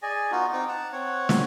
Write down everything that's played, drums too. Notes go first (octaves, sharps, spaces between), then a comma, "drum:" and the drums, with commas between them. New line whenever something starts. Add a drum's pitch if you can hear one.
G#4 D5 D#5 G#5
B3 D#4 F4 F#4
C4 D#4 D6
F#5 A5 A#5
C4 C#5 F#5
drum: snare